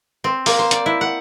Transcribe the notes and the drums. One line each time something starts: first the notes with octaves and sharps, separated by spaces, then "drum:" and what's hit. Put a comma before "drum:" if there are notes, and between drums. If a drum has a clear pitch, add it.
C4
A#3, drum: open hi-hat
C5
D5, drum: hi-hat
E4
F#5